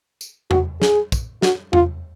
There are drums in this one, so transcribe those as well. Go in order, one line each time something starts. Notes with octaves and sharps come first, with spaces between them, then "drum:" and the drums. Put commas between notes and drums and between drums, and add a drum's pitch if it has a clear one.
drum: tambourine
F#4, drum: tom E2
G#4, drum: snare
drum: kick, tambourine
F#4, drum: snare
F4, drum: tom E2